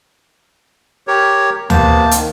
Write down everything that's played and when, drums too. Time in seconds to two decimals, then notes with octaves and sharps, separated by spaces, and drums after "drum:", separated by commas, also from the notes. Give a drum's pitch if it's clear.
1.07 G4 A#4 C#5
1.70 C3 A#3 B3 C5 A5, drum: tom D2
2.11 D#3, drum: hi-hat